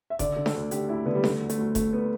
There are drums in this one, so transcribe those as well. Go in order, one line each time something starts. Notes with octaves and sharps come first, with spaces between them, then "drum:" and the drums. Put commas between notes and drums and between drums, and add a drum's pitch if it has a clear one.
E5
D3 D5, drum: kick F1, hi-hat
D3
A4, drum: snare D4
D2
D3 G4, drum: hi-hat
D2 E4
D3 B3
G3
D3 A3, drum: snare D4
D2
A3, drum: hi-hat
D2
D3 A3, drum: kick F1, hi-hat
B3